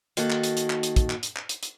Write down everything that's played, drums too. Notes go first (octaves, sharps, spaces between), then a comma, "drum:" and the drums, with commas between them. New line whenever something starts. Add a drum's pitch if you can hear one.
D#3 A#3 F#4 A4, drum: hi-hat
drum: clap
drum: hi-hat
drum: hi-hat
drum: clap
drum: hi-hat
drum: kick, hi-hat
drum: clap
drum: hi-hat
drum: clap
drum: hi-hat
drum: hi-hat